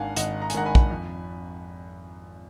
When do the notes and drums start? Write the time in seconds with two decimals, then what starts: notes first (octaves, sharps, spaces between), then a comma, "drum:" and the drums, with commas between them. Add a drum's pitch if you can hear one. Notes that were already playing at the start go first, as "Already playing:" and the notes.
Already playing: G#1 G#2 D#3 A#3 D4 F5 F#5 G#5
0.16 G#1 D#5 F#5, drum: hi-hat
0.42 A#5
0.50 G#5, drum: hi-hat
0.54 G#2 D#3 A#3 D4 F#5 A#5
0.65 G#5 B5
0.75 drum: kick
0.90 F2